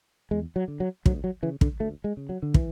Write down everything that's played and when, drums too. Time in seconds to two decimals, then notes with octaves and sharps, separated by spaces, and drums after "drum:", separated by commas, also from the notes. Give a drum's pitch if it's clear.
0.31 E2 G#3
0.56 F#3
0.68 D3
0.80 F#3
1.06 D2 F#3, drum: kick
1.24 F#3
1.43 C#3 E3
1.61 D3, drum: kick
1.80 D2 A3
2.04 G#3
2.17 C#3
2.29 F#3
2.42 D3
2.54 E3, drum: kick